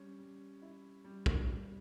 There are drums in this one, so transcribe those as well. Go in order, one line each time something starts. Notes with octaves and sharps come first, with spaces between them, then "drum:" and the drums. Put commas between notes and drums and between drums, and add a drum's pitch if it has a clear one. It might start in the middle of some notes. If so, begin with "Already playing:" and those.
Already playing: G3 C#4
G3
E4
G3
drum: kick
G3